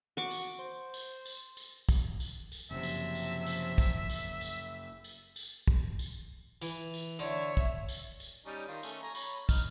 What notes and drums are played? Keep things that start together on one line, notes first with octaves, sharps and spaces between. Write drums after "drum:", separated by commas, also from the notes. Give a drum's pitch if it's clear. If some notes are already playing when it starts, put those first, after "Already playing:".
F#4 C#6 D6
drum: tambourine
C5
drum: tambourine
drum: tambourine
drum: tambourine
drum: kick, tambourine
drum: tambourine
drum: tambourine
F#1 C3 F3 E5
drum: tambourine
drum: tambourine
drum: tambourine
drum: kick, tambourine
drum: tambourine
drum: tambourine
drum: tambourine
drum: tambourine
drum: kick
drum: tambourine
E3, drum: tambourine
drum: tambourine
D3 C#5 E5
drum: kick
drum: tambourine
drum: tambourine
G3 C#4 D#4
D#3 F4
A3 C#4, drum: tambourine
C#5 G#5 A#5
C#5 B5, drum: tambourine
D#4 F6, drum: kick, tambourine